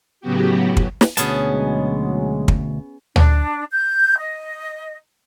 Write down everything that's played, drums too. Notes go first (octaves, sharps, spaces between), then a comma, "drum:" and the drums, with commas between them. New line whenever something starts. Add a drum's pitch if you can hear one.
A2 C#3 F#3 B3 F#4 G4
drum: kick
drum: snare
D2 B2 B3 C#4 G#4 A5, drum: hi-hat
F#3 G#3
drum: kick
D4, drum: tom
G6
D#5